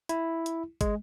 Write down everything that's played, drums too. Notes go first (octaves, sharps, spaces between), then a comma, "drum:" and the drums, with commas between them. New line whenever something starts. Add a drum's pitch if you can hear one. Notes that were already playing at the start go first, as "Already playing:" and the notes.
E4, drum: hi-hat
drum: hi-hat
G#3, drum: kick, hi-hat